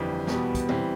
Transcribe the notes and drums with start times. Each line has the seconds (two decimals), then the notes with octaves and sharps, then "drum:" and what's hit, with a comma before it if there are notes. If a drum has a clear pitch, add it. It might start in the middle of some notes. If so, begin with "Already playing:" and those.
Already playing: G1 F2 E3 G3 D4
0.27 E2 B2 G3 B3, drum: snare
0.55 drum: kick, hi-hat
0.69 E3 G3 C4, drum: tom A#2